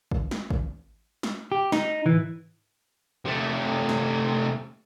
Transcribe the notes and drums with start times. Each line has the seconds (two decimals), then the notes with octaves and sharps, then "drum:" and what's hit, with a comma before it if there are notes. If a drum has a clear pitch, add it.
0.11 drum: kick
0.31 drum: snare
0.50 drum: kick
1.23 drum: snare
1.52 G4
1.72 D#4, drum: snare
2.06 E3, drum: tom G#2
3.25 C3 A3
3.89 drum: snare